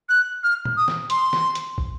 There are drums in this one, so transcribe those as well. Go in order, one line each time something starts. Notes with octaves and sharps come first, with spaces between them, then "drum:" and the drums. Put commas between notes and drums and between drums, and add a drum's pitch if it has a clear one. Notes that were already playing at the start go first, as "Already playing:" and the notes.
F#6
F6
drum: tom A#2
D#6
drum: snare
C6, drum: hi-hat
drum: snare
drum: hi-hat
drum: kick